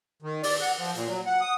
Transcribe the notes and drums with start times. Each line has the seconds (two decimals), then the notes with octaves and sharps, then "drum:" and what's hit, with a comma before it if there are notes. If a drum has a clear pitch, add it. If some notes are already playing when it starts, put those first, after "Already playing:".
0.22 D#3
0.43 D5, drum: open hi-hat
0.61 F#5
0.79 F3
0.95 A#2, drum: hi-hat
1.08 F#3
1.26 F#5
1.41 D#6